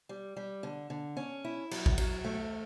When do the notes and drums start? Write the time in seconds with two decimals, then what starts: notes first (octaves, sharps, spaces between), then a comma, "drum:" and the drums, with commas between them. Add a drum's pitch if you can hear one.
0.09 G3
0.37 G3
0.63 D3
0.90 D3
1.17 C#4
1.45 E4
1.71 F#3, drum: cymbal
1.86 drum: kick A1
1.98 F#3, drum: cymbal
2.24 A3